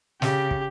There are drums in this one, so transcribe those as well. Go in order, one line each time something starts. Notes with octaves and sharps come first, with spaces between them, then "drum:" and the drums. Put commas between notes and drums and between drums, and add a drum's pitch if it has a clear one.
C#3 G4, drum: snare
drum: kick